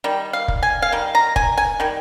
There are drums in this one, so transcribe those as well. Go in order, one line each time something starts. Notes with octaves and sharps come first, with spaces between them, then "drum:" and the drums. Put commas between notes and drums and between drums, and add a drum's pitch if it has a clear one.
D#3 G3
F5
drum: kick
G#5
F5
D#3 G3
A#5
G#5, drum: kick
G#5
D#3 G3